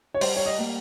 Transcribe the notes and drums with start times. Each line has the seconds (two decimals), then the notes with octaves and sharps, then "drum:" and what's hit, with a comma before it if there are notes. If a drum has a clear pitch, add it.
0.14 C#5
0.21 G3 C5, drum: open hi-hat
0.36 C#5
0.46 D#5
0.59 A#3